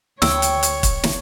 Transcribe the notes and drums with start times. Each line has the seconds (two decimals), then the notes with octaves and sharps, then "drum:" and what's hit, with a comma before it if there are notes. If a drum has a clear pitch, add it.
0.22 D2 C#5 G5 E6, drum: snare
0.42 drum: hi-hat
0.63 drum: hi-hat
0.83 drum: kick, hi-hat
1.03 drum: snare